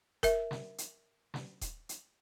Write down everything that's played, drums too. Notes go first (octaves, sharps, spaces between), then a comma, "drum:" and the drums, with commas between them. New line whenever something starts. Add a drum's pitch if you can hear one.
A#4 E5, drum: kick D#1, hi-hat
drum: snare
drum: hi-hat
drum: snare
drum: kick D#1, hi-hat
drum: hi-hat